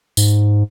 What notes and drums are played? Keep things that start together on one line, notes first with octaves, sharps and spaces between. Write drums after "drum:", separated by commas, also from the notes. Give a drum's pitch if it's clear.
G#2, drum: tambourine